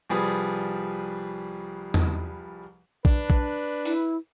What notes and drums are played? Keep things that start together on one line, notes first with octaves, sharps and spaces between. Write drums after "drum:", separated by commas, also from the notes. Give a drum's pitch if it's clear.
C2 F3 G3 G#4 B4 D#6
drum: tom E2
D4 B4, drum: kick A#1
drum: kick A#1
E4, drum: open hi-hat